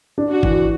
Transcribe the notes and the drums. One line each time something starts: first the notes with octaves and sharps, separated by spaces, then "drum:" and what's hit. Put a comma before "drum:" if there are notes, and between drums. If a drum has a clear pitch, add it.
D4
F#4
E3, drum: kick G1